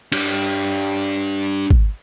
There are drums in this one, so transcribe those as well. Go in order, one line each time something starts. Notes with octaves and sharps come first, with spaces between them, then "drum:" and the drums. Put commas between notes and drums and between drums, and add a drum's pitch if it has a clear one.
D4 G4, drum: cymbal
drum: kick